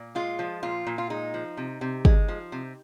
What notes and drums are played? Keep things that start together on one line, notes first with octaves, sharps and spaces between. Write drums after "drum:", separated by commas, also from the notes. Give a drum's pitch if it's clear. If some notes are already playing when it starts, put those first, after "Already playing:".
Already playing: A#2
G#3 F4
F3
A#2 F4
A#2
F4
G#3 D#4
F3
C3
C3
G#3, drum: kick
F3
C3